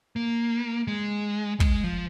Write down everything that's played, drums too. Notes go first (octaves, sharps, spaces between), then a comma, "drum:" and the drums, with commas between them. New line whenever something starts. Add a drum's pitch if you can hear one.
A#3
G#3
G#3, drum: kick
F3